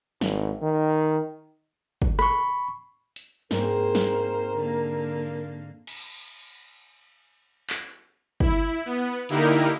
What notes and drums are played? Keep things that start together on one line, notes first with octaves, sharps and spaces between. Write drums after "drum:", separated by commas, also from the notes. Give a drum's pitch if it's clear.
G#1, drum: snare
D#3
drum: kick
B5 C#6, drum: rim click
drum: hi-hat
G#2 A#3 C4 A#4 C5, drum: snare
drum: snare
D3 A#3
drum: cymbal
drum: clap
E4, drum: kick
B3
D3 A#3 D#4 E4 G4 A#4, drum: hi-hat